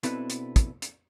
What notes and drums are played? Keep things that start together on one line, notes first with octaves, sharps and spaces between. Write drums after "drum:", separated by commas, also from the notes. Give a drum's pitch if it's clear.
B2 C4 D4 E4 A4 B4, drum: hi-hat
drum: hi-hat
drum: kick, hi-hat
drum: hi-hat